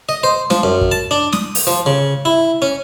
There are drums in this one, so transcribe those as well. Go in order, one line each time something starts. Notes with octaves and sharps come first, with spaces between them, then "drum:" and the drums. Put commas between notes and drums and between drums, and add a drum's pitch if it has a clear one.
D#5
C5
F3, drum: snare
F#2
drum: kick
A5
D4
D#6, drum: snare
drum: open hi-hat
F3
C#3
E4
C#4